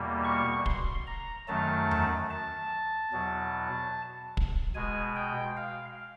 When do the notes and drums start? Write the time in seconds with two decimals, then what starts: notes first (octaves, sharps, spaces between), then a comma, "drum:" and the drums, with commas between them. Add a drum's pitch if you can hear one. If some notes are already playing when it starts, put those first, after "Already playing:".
Already playing: E2 B2 G3 A#3
0.25 C#6
0.66 C6, drum: kick
1.07 A#5
1.48 F#2 D#3 F#3 A3 A5
1.91 drum: tom E2
2.30 A5
3.12 E2 B2 F#3
4.37 drum: kick
4.74 B2 G#3 G#5
5.16 G5
5.57 F5